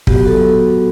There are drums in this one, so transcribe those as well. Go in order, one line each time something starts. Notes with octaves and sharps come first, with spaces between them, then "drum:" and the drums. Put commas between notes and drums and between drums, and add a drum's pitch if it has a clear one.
F#3 B3 F#4 G4, drum: kick
A4